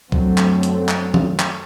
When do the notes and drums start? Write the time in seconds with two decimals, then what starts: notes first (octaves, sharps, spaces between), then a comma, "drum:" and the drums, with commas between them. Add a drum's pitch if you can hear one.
0.12 F#2 D3 F#3 A3 C4, drum: kick
0.38 drum: clap
0.63 drum: hi-hat
0.89 drum: clap
1.14 drum: tom D#3
1.40 drum: clap